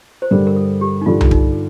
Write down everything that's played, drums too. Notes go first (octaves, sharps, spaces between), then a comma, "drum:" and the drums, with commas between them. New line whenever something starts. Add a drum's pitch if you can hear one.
C5
G2 D3 G3 A#4
A#4
A4
G4
D#4
G2 D3 G3 F4
drum: tom C2
D#4, drum: kick